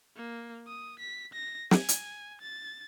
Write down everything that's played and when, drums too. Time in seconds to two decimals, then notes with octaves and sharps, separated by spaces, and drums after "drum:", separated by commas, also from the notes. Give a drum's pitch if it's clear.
0.16 A#3
0.67 D#6
0.99 B6
1.33 A#6
1.71 G#5, drum: snare
1.89 drum: hi-hat
2.41 A6